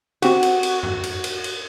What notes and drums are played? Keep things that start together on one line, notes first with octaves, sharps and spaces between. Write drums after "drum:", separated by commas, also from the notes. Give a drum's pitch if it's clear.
C4 F#4 G4, drum: cymbal
drum: cymbal
drum: cymbal
drum: tom F#2
drum: cymbal
drum: cymbal
drum: cymbal